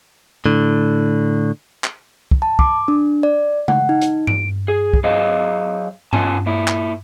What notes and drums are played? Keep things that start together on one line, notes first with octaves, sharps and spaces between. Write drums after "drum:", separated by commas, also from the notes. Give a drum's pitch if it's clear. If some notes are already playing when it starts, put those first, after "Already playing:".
A2 D3
drum: clap
drum: kick
A5
D6, drum: kick
D4
D5
F#5, drum: tom C#3
D#4
drum: hi-hat
D7, drum: tom G2
G#4
drum: kick
F#3 G#4 C5 D#5 F5
C#3 C#4 F4 G#5 A5, drum: tom G2
A#2 E4
drum: clap